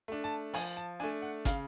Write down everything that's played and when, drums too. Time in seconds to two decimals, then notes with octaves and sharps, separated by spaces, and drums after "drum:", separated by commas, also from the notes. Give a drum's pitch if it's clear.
0.08 A3 D4
0.24 A5
0.53 F3 G#5, drum: open hi-hat
0.77 A5
1.00 A3 D4 G#5
1.22 F#5
1.45 C#3 F5, drum: kick, hi-hat